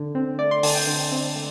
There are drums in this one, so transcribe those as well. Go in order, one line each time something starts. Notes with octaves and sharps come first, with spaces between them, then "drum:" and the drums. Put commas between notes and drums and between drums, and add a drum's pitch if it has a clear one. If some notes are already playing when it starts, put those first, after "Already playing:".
Already playing: D3
C4
A3 D5
C6
D3 A5, drum: open hi-hat
G5
D3
C4
A3